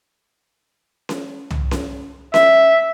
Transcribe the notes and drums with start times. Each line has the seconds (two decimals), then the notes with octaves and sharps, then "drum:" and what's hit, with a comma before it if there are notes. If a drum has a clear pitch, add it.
1.09 drum: snare C#4
1.51 drum: tom
1.71 drum: snare C#4
2.34 E5, drum: snare C#4